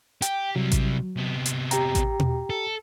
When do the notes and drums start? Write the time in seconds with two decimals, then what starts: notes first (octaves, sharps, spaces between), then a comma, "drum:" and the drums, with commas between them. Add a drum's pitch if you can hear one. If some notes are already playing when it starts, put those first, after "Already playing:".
0.22 G4 G5, drum: hi-hat
0.56 C3 F#3 G3
0.72 drum: kick A1, hi-hat
1.17 C3 B3
1.46 drum: hi-hat
1.71 G4 G5 A#5, drum: hi-hat
1.95 drum: kick A1, hi-hat
2.20 drum: tom B2
2.50 A4